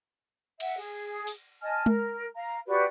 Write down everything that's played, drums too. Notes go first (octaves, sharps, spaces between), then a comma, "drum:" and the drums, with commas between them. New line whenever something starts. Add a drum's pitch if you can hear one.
E5 F#5, drum: cymbal
G#4
drum: open hi-hat
D#5 G#5 A5 F6
A#4, drum: tom G#3
F5 A#5
F#4 G4 B4 D5